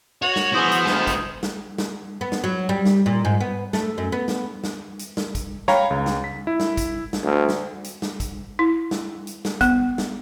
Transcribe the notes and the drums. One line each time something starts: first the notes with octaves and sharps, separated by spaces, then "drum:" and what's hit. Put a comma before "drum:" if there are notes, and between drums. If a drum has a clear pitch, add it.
F#4 C#5
drum: snare
B3 E4 G#4 C5 G#5
drum: hi-hat
D2 F4 B4, drum: snare
drum: kick, hi-hat
drum: snare
drum: snare
B3
drum: snare
F#3
G3
drum: snare
A#2
G#2
B3
A3, drum: snare
F#2
B3
drum: snare
drum: snare
drum: hi-hat
drum: snare
drum: kick, hi-hat
C#5 F5 G5 A#5 B5, drum: snare
C#2
drum: snare
B6
E4
drum: snare
drum: kick, hi-hat
drum: snare
D2
drum: snare
drum: hi-hat
drum: snare
drum: kick, hi-hat
E4
drum: snare
drum: hi-hat
drum: snare
B3, drum: kick, hi-hat
drum: snare